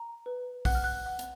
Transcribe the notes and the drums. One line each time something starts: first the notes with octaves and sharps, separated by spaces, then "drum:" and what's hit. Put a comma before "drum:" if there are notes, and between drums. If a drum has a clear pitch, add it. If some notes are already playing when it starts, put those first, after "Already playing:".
Already playing: A#5
B4
F#5 F#6, drum: kick, open hi-hat
F6
F#6
F#5
drum: hi-hat